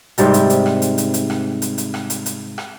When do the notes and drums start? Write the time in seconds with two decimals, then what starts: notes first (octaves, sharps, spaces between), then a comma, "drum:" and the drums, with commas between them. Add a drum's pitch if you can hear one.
0.18 G#2 C3 G3 A#4, drum: hi-hat
0.34 drum: hi-hat
0.50 drum: hi-hat
0.66 drum: rim click
0.82 drum: hi-hat
0.98 drum: hi-hat
1.14 drum: hi-hat
1.30 drum: rim click
1.62 drum: hi-hat
1.78 drum: hi-hat
1.94 drum: rim click
2.10 drum: hi-hat
2.26 drum: hi-hat
2.58 drum: rim click